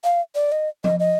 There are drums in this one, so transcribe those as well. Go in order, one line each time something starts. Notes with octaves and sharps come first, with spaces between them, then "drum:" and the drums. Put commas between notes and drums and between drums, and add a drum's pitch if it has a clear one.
F5
D5
D#5
D#5, drum: tom F3
D#5